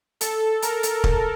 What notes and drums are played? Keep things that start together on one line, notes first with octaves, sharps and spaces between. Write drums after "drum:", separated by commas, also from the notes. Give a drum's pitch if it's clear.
A4, drum: hi-hat
A#4, drum: hi-hat
drum: hi-hat
drum: kick